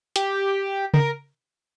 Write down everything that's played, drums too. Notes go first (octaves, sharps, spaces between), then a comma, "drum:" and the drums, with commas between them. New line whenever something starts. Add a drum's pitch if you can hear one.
G4, drum: hi-hat
A#4, drum: tom C#3